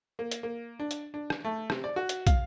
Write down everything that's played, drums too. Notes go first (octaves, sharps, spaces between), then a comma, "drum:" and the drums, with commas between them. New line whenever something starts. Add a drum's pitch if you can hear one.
A#3
drum: hi-hat
A#3
D4
drum: hi-hat
D4
drum: rim click
A3
C3, drum: rim click
D5
F#4
drum: hi-hat
F5, drum: kick, hi-hat